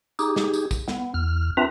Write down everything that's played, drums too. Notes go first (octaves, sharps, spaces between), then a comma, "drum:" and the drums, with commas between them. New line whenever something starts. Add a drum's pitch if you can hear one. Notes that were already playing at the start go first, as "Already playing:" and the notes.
D#4 G4 G#4, drum: tambourine
drum: snare
drum: tambourine
drum: kick, tambourine
B3, drum: snare
E2 F6
C4 D4 F4 B4 E5 A#5